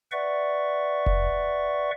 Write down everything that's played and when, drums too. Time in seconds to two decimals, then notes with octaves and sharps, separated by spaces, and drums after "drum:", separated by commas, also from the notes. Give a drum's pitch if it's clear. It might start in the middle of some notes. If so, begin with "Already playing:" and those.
0.12 B4 D5 E5 F#5 C#6
1.06 drum: kick F1